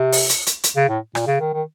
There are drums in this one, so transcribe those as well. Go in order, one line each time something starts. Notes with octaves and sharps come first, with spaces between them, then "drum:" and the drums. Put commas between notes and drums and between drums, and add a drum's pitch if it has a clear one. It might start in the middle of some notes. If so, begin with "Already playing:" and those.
Already playing: C3
drum: open hi-hat
drum: hi-hat
drum: hi-hat
drum: hi-hat
C#3
A2
A#2, drum: rim click
C#3
D#3
D#3